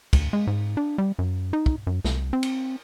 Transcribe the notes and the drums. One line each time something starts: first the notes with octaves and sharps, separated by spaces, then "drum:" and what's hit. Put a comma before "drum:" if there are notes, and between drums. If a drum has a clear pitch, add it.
D2, drum: kick, cymbal
G#3
G#2
D4
G3
F#2
D#4
drum: kick
F#2
C2, drum: snare
C4
drum: cymbal